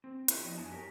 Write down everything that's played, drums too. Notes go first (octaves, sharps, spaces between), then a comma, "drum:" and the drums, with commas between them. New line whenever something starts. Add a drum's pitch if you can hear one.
C4
C4 E4 F4 G4 A#4 C#5, drum: hi-hat
F3 B3 D4 C#5 D#5
F#2 D#4 D#5 F#5 G#5 A5
G4 A#4 C#5